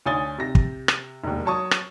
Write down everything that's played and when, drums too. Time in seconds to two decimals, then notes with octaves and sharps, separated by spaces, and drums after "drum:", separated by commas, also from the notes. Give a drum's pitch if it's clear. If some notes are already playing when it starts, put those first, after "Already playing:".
0.06 D2 C#5 G#5 D#6 A6 G7
0.38 C3 A#6
0.55 drum: kick
0.88 drum: rim click
1.24 E1 D#2
1.45 F#3 C#5 A5 C#6 D#6
1.71 drum: rim click